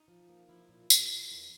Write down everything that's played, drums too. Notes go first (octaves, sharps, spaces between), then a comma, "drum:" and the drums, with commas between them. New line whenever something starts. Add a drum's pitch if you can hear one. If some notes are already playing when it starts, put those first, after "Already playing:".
Already playing: D#4
F3
A#3
F3 E4
A#2
A#2, drum: tambourine
A#2
E2